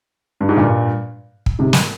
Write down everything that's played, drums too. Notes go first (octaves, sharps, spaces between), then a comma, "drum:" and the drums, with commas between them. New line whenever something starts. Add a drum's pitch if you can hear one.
G2
G#2
G2 A#2
drum: kick
G#2 C3
drum: snare